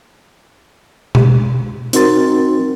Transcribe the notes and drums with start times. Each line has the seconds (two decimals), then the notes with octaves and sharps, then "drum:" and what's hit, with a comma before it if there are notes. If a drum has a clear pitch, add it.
1.15 drum: tom B2
1.93 C4 D#4 F#4 A#4 C6 A6, drum: hi-hat